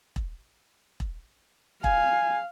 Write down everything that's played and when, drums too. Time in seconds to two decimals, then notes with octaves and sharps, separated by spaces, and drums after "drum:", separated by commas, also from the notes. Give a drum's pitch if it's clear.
0.16 drum: kick E1
1.00 drum: kick E1
1.84 F5 G#5, drum: kick E1